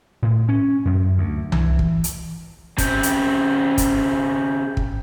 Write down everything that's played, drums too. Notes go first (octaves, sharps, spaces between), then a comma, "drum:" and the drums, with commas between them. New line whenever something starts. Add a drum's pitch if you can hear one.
A2
C#4
F#2
D2
E3, drum: tom C2
drum: kick
drum: hi-hat
C#3 C4, drum: kick, hi-hat
drum: hi-hat
drum: kick, hi-hat
drum: kick